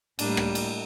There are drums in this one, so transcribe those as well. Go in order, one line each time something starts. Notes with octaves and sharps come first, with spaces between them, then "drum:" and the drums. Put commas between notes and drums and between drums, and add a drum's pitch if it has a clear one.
A2 G3 A#3 D4, drum: cymbal
drum: rim click
drum: cymbal